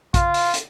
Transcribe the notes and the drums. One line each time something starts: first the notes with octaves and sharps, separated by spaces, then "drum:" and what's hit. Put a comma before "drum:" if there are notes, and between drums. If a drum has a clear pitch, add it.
F4, drum: kick, hi-hat
drum: open hi-hat
drum: hi-hat